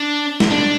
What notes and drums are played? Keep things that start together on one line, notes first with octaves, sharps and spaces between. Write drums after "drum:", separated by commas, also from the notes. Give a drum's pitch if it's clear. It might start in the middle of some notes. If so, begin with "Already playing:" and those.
Already playing: D4
drum: snare
D4